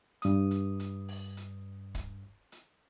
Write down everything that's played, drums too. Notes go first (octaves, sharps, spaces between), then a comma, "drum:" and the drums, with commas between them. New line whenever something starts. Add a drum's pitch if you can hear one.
G2 D#6, drum: hi-hat
drum: hi-hat
drum: hi-hat
drum: open hi-hat
drum: hi-hat
drum: kick, hi-hat
drum: hi-hat